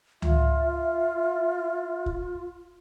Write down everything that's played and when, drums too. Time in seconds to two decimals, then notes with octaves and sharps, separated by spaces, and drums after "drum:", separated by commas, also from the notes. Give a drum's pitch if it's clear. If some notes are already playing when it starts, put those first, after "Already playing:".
0.22 F4 E5, drum: tom C#2
2.06 drum: kick